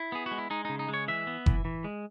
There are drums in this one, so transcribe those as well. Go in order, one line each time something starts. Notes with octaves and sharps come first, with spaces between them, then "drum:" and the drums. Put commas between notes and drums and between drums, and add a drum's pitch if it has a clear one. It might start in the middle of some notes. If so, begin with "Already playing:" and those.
Already playing: E4
B3 G#4
F#4
G#3
E4
G#3 D#4
C#3 D#4
D#4
G#3
C#5
E3 E5
B3
E3, drum: kick F#1
E3
G#3